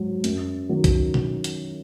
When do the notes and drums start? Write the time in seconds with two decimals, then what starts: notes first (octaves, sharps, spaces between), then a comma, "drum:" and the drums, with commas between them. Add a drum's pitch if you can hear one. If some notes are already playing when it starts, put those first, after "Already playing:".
Already playing: G#2 F#3
0.24 F#2, drum: hi-hat
0.69 D#3 F#3
0.84 drum: kick B1, hi-hat
1.14 drum: tom B2
1.44 drum: hi-hat